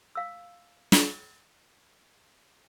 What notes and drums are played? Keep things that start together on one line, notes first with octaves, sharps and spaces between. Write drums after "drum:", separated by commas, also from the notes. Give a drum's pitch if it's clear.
F5 E6
drum: snare